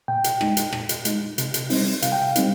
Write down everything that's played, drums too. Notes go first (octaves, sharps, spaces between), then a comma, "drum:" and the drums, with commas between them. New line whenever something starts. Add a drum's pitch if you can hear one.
A#2 G5
drum: hi-hat
G#3 D#4, drum: rim click
drum: hi-hat
A#2, drum: rim click
drum: hi-hat
G#3 D#4, drum: hi-hat
C3, drum: hi-hat
drum: hi-hat
G3 C4 D#4, drum: open hi-hat
C3 F5, drum: hi-hat
G5
F5
G3 C4 D#4, drum: hi-hat